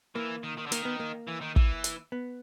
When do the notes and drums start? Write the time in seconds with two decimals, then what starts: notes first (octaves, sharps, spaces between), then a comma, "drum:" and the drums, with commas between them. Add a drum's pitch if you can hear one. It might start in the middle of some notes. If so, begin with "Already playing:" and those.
0.15 E3 A#3
0.43 D#3
0.57 D#3
0.66 D3
0.72 D#3 A#3, drum: hi-hat
0.85 B3
1.00 A#3
1.28 E3
1.42 D#3
1.56 E3, drum: kick
1.84 drum: hi-hat
2.12 B3